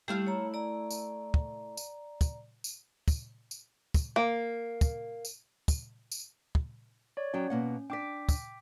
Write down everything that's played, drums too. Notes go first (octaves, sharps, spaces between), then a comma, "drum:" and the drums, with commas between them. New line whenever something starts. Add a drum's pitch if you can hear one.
G3 A3 E4 G4 F5
C#5 A#5
D5 A#5
drum: tambourine
drum: kick
drum: tambourine
drum: kick, tambourine
drum: tambourine
drum: kick, tambourine
drum: tambourine
drum: kick, tambourine
A#3
drum: kick, tambourine
drum: tambourine
drum: kick, tambourine
drum: tambourine
drum: kick
C#5 D5
F#3 C#4 F#4 G5
B2 A#3 F#5
D4 D5 G5 D6 B6
drum: kick, tambourine